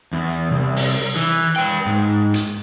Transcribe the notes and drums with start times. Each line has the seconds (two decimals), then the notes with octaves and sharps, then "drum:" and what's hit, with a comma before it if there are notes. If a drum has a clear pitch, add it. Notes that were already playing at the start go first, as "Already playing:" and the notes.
0.13 E2
0.51 C2
0.76 drum: open hi-hat
1.16 E3
1.56 B4 G5
1.86 G#2
2.34 drum: hi-hat